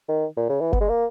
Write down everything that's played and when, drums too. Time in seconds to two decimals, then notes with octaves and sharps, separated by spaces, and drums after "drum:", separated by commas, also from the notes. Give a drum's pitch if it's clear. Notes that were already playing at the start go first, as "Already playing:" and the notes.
0.09 D#3
0.37 A#2
0.49 C#3
0.61 E3
0.73 B3, drum: kick F#1
0.81 G#3
0.89 A#3